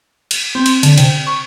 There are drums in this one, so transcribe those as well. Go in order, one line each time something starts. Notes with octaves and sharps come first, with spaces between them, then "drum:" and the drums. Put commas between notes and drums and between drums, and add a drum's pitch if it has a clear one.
drum: cymbal
C4
drum: cymbal
D3, drum: cymbal
C3, drum: cymbal
C#6